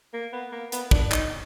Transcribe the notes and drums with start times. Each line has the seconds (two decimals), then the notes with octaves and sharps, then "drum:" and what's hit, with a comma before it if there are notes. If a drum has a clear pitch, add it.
0.13 A#3
0.33 B3
0.52 A#3
0.72 B3, drum: hi-hat
0.91 D4, drum: kick
1.12 D#4, drum: clap